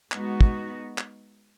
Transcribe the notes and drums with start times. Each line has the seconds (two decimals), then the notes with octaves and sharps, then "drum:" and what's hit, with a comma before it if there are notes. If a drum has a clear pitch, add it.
0.12 G#3 B3 D#4 F#4, drum: clap
0.41 drum: kick
0.98 drum: clap